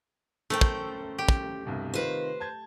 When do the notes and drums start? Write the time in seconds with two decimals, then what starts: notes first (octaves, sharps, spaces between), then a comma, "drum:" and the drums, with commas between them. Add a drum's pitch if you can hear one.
0.50 A3 C#4 A#4 C5 G5
0.61 drum: kick
1.18 G4
1.29 drum: kick
1.66 C2 G2 B2
1.94 C3 D#3 F4 B4 C5
2.40 A5 G6 G#6